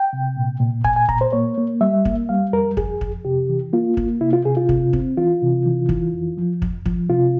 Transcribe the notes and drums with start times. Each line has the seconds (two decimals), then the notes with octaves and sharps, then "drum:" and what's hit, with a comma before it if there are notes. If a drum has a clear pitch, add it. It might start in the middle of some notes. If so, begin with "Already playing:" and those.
Already playing: G5
0.13 C3
0.37 A#2
0.60 A#2
0.84 A#2 G#5, drum: kick
0.96 G#5
1.09 A#2 A#5, drum: kick
1.21 C5
1.33 A#3 C#5
1.57 A#3
1.81 G3 E5
2.05 A#3, drum: kick
2.29 G3 F5
2.53 F2 A#4
2.77 F2 G#4, drum: kick
3.01 F2, drum: kick
3.25 C3 G4
3.49 E3
3.73 A#3 F4
3.97 A#3, drum: kick
4.21 C3 E4
4.33 F4
4.45 C3 G#4
4.57 F4
4.69 C3, drum: kick
4.93 C4, drum: kick
5.17 E3 F4
5.42 C3
5.66 E3
5.89 E3, drum: kick
6.13 F2
6.38 F3
6.62 F2, drum: kick
6.86 F3, drum: kick
7.09 C3 F4